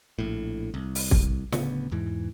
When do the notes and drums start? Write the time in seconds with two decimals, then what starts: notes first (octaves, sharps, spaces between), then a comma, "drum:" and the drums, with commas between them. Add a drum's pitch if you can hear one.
0.19 A#1 A2
0.74 C2
0.95 drum: open hi-hat
1.11 drum: kick
1.52 D1 D2 C#3 B3, drum: snare
1.91 E2 G#2 E3